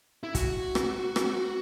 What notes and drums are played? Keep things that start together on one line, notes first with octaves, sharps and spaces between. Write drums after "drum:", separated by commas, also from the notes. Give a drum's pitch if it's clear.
E4
F#4, drum: kick, hi-hat
drum: rim click
drum: rim click